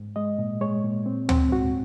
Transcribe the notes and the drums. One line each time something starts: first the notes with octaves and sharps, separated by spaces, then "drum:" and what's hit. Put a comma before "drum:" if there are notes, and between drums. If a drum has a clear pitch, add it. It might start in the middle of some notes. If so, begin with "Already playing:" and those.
Already playing: G#2
G#3 D#5
A#2
G#3 C#5
A#2
C4
C4, drum: tom D2
G#2 F#4